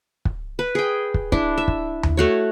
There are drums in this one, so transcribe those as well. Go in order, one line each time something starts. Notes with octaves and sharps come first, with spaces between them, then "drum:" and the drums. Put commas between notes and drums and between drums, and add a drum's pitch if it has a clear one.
drum: kick
B4
G#4 G5
drum: kick
D4 E4, drum: kick
E5
drum: kick
drum: tom D#2
A3 F#4 C#5